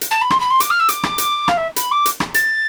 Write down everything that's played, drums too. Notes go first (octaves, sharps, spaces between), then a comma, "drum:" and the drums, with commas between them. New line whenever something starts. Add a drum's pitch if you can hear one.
drum: hi-hat
A5
B5
C6, drum: rim click
B5
C6
D6, drum: hi-hat
F6
E6
D6, drum: hi-hat
drum: rim click
drum: hi-hat
F5, drum: rim click
E5
B5, drum: hi-hat
D6
drum: hi-hat
drum: rim click
A6, drum: hi-hat